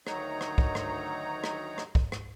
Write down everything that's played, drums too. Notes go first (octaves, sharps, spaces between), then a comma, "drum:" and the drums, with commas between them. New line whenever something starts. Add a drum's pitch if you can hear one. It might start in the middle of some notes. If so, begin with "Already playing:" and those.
D2 D#3 F#3 D#4 C#5 A#5, drum: rim click
drum: rim click
drum: kick
drum: rim click
drum: rim click
drum: rim click
drum: kick
drum: rim click